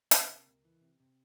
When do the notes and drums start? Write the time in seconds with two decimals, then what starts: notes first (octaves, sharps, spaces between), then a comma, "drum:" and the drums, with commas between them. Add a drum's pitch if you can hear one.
0.11 C3 A#3, drum: hi-hat
0.29 C3
0.47 C#2
0.65 E3
0.81 C3
1.00 C3